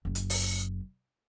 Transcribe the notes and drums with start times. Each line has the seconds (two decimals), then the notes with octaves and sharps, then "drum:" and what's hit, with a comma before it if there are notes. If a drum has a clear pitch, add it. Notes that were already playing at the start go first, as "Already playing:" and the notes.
0.05 F#1 F#2
0.15 drum: hi-hat
0.30 drum: open hi-hat